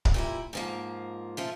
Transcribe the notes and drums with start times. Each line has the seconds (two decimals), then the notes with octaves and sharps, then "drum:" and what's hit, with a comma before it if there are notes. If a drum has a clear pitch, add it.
0.05 drum: kick C#1
0.14 A#2 G3 E4
0.53 G#2 F3 A#3
1.37 F3 A3 F4